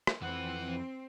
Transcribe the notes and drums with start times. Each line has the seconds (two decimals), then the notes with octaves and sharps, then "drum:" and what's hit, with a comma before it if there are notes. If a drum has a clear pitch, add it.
0.07 drum: rim click
0.22 F2 E3 C4 B4 F#5